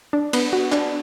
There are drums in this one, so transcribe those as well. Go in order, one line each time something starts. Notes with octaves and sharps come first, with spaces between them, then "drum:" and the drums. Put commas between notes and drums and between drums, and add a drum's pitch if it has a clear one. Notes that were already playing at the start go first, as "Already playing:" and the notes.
D4
B3, drum: cymbal
F#4
D4, drum: clap